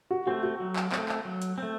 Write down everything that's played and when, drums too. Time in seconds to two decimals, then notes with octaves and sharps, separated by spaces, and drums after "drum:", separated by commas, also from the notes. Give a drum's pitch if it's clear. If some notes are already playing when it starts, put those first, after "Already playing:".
0.11 F#4
0.27 A3 C4 F#4
0.43 F#4
0.60 F#3
0.76 drum: clap
0.92 C4, drum: clap
0.97 A3
1.09 drum: clap
1.25 F#3
1.42 drum: hi-hat
1.58 A3 C4